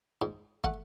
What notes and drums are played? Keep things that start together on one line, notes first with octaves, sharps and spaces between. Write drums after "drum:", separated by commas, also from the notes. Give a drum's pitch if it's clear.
G#2
A3 F#5, drum: kick